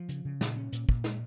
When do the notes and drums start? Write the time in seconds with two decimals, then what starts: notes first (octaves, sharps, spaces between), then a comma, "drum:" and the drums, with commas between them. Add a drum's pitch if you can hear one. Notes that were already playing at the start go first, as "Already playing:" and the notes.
Already playing: F3
0.09 C#3, drum: hi-hat
0.25 C#3
0.41 A#2, drum: snare
0.57 C#4
0.72 A#2, drum: hi-hat
0.89 A#2, drum: kick
1.04 G#3, drum: snare